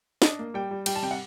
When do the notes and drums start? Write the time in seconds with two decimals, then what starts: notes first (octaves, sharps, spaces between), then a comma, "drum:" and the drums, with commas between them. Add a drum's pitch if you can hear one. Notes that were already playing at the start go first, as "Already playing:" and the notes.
0.22 D4 D#5, drum: snare
0.39 A#3
0.54 G3 G5
0.71 G3
0.86 G3 G5, drum: cymbal
0.95 A5
1.02 C3 G5
1.11 F#5